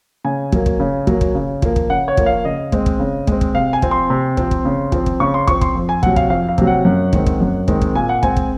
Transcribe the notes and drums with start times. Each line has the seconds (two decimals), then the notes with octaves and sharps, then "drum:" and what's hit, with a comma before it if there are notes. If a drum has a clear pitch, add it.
0.24 C#3 G#5
0.52 F#3 A#3, drum: kick
0.66 drum: kick
0.80 C#3
1.07 F#3 A#3, drum: kick
1.21 drum: kick
1.35 C#3
1.62 F3 A#3, drum: kick
1.76 drum: kick
1.90 C#3 F#5
2.08 C#5
2.17 F3 A#3, drum: kick
2.26 F5
2.45 C#3 D#5
2.72 G#3 C4, drum: kick
2.86 drum: kick
2.99 C#3
3.27 G#3 C4, drum: kick
3.41 drum: kick
3.55 C3 F5
3.73 G#5
3.82 F3 C4, drum: kick
3.91 C6
4.10 C3
4.37 F3 C4, drum: kick
4.51 drum: kick
4.65 C#3
4.92 F3 C4, drum: kick
5.06 drum: kick
5.20 C#3 C#6
5.34 C6
5.47 F3 C4 C#6, drum: kick
5.61 C6, drum: kick
5.75 F2
5.89 G#5
6.03 C3 F#3 F#5, drum: kick
6.16 F5, drum: kick
6.30 F2 F5
6.48 F5
6.58 C3 F#3, drum: kick
6.67 F#5
6.85 F#2
7.13 D#3 G#3 C4, drum: kick
7.26 drum: kick
7.40 F#2
7.68 D#3 G#3 C4, drum: kick
7.81 drum: kick
7.95 A#2 G#5
8.09 F#5
8.23 G#3 C4 G#5, drum: kick
8.37 drum: kick